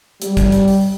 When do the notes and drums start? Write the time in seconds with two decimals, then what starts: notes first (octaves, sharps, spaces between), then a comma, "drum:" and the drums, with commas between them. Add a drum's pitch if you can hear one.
0.22 G3, drum: hi-hat
0.37 drum: kick, hi-hat
0.52 drum: hi-hat
0.68 drum: open hi-hat